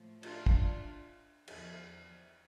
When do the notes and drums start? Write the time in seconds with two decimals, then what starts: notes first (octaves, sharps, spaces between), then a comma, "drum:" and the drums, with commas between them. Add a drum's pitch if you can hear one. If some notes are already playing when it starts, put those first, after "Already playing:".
Already playing: A2 F3
0.23 D4 F4, drum: cymbal
0.46 drum: kick
1.48 E2 D3 F3, drum: cymbal